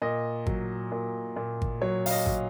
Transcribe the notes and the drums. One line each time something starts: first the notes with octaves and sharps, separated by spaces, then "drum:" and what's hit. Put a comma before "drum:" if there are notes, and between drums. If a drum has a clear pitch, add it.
A#2 D#5
F#3, drum: kick G#1
A#2
A#2
drum: kick G#1
F#3 C#5
F5, drum: open hi-hat
D#5
F#3, drum: kick G#1